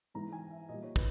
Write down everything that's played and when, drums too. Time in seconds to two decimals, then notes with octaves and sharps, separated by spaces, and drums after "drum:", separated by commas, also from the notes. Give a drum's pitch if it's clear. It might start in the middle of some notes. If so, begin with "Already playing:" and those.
0.14 G#2 E3 G#3 A#5
0.32 G#5
0.51 E5
0.69 A#2 G3 D#5
0.83 C#5
0.96 B4, drum: kick